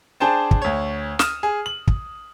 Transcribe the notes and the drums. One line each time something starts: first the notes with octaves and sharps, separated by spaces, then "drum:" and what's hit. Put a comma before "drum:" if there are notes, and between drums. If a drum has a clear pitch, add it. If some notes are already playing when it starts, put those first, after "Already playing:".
D4 G#4 C5 G5 A5
drum: kick
D2 C#5
D#6 F6 E7, drum: snare
G#4
F#7
drum: kick